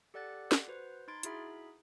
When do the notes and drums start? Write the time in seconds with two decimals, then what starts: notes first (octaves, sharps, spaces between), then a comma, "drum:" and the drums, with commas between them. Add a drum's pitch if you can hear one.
0.14 G4 A4 D5 F#5 F#6 A6
0.52 drum: snare
0.68 F#4 B4 C5
1.08 D#4 B5 C6 G#6 A6 D7
1.23 D#4 E4 F#4 G#4 E5 B5, drum: hi-hat